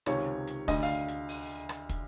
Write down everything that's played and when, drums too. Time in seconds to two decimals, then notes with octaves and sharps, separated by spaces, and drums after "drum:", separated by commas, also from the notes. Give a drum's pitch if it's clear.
0.06 C#2 C3 D#3 C#5, drum: rim click
0.47 drum: hi-hat
0.68 D2 D3 D#5, drum: kick, open hi-hat
0.83 F5
1.08 drum: hi-hat
1.29 drum: open hi-hat
1.69 drum: rim click
1.89 drum: kick, hi-hat